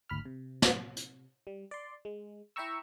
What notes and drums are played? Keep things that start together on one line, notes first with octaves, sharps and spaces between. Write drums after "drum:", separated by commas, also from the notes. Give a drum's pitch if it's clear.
G#1 D2 B5 F6
C3
drum: snare
drum: hi-hat
G3
D5 C6
G#3
E4 E5 G5 A#5 C#6 E6